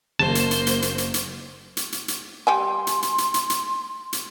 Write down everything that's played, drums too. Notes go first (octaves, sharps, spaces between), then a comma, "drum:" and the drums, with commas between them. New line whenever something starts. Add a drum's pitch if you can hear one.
F#1 A#3 C5 A5
drum: hi-hat
drum: hi-hat
drum: hi-hat
drum: hi-hat
drum: hi-hat
drum: hi-hat
drum: hi-hat
drum: hi-hat
drum: hi-hat
G3 G4 G#5 C6
drum: hi-hat
drum: hi-hat
drum: hi-hat
drum: hi-hat
drum: hi-hat
drum: hi-hat